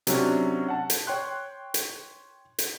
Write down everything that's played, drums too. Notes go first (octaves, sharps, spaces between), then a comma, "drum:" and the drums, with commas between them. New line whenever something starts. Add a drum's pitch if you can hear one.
C3 F#3 C#4 D4, drum: hi-hat
F#5 A5
drum: hi-hat
C#5 G5 C6 F#6
drum: hi-hat
drum: hi-hat